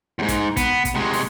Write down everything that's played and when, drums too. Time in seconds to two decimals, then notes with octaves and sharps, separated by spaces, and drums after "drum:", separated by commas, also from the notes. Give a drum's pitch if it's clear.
0.19 E2 G#2
0.28 drum: kick, hi-hat
0.57 B3, drum: kick, hi-hat
0.85 drum: kick, hi-hat
0.95 C3 G#3
1.13 drum: open hi-hat